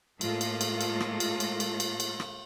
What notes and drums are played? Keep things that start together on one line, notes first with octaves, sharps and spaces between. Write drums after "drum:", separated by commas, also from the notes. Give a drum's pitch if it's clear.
A2 G#3 A#3 F4 A4, drum: cymbal
drum: cymbal
drum: cymbal
drum: cymbal
drum: rim click
drum: cymbal
drum: cymbal
drum: cymbal
drum: cymbal
drum: cymbal
drum: rim click